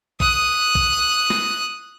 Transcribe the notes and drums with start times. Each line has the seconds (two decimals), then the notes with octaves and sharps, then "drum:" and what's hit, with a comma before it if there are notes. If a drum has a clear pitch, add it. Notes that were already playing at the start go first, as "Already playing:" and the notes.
0.20 D#6 F#6, drum: kick A#1
0.75 drum: kick A#1
1.30 drum: snare